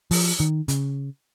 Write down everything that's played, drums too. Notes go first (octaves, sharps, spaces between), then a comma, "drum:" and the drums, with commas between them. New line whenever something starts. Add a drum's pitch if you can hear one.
F3, drum: open hi-hat
D#3
C#3, drum: hi-hat